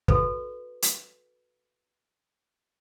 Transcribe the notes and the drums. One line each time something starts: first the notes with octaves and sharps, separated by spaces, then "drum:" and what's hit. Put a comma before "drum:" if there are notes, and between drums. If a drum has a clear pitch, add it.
F#4 A4 B4, drum: kick
drum: hi-hat